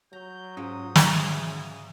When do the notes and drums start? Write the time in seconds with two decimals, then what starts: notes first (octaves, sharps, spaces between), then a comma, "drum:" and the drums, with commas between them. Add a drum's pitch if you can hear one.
0.13 F#3 A#5 G6
0.57 G#2 C#4 F4 D#6
0.96 C#3 E5 F5 G#5, drum: snare